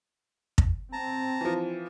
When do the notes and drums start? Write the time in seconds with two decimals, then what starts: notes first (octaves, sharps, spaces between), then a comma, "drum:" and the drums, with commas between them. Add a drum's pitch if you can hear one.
0.58 drum: kick
0.93 C4 A5 A#5
1.41 E3 F3